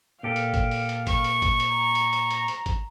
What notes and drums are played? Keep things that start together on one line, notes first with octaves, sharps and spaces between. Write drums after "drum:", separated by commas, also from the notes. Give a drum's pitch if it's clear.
A#2 G4 A4 F5
drum: hi-hat
drum: kick G#1, hi-hat
drum: open hi-hat
drum: hi-hat
C#6, drum: kick G#1, hi-hat
drum: hi-hat
drum: kick G#1, hi-hat
drum: hi-hat
A#5
drum: hi-hat
drum: hi-hat
drum: hi-hat
drum: hi-hat
drum: kick G#1, hi-hat